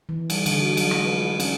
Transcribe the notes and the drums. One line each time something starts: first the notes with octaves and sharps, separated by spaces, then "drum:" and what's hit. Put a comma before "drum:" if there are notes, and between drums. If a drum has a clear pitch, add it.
E3
G3, drum: cymbal
D3, drum: cymbal
F#4
F#3, drum: cymbal
G#3, drum: rim click
B4
F4
C#4, drum: cymbal